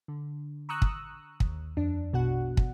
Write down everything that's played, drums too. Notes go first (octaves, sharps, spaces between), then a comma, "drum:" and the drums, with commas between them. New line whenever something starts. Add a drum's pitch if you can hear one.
D3
A#5 C#6 D#6 E6 F#6
drum: kick
D#2, drum: kick
F2 D4
A#1 B2 F#4 F#5
drum: kick